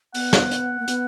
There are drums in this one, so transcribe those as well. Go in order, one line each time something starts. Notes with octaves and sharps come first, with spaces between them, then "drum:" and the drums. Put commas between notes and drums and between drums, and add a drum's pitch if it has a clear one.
B3 F#5, drum: open hi-hat
drum: snare
drum: hi-hat
A#3
B3, drum: hi-hat